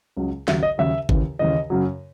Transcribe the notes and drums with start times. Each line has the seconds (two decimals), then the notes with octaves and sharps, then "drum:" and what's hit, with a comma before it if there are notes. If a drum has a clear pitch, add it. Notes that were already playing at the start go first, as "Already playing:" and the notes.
0.17 C#2 C#3 F#3
0.48 D#2 C#3 F#3 E5, drum: snare
0.63 D#5
0.78 D#2 C#3 F#3 E5
1.09 D#2 C#3 E3, drum: kick
1.39 D#2 C#3 E3 D#5
1.70 F#2 C#3 F#3